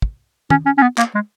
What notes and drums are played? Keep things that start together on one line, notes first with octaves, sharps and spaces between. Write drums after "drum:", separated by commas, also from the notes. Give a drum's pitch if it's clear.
drum: kick
C#4, drum: tom
C#4
C#4
B3
A#3, drum: clap
G#3